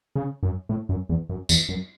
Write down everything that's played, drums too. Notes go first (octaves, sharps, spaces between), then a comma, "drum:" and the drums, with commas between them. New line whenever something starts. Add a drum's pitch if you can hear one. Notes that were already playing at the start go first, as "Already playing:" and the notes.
C#3
F#2
A2
F#2
E2
F#2
E2, drum: tambourine
F#2